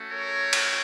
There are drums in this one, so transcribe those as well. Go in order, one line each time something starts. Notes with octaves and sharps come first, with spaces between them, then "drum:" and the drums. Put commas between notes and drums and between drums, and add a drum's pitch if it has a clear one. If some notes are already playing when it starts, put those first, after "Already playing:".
Already playing: A3 C#4 F#4
A#4 C#5
drum: cymbal